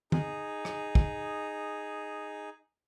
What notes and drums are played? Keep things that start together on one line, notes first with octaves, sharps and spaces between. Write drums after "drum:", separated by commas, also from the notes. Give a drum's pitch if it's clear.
D#4 G#4, drum: tom D#3
drum: rim click
drum: kick